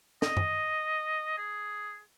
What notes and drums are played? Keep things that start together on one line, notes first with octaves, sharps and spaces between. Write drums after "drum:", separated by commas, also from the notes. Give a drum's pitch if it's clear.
D#5, drum: snare
drum: tom F#2
G#4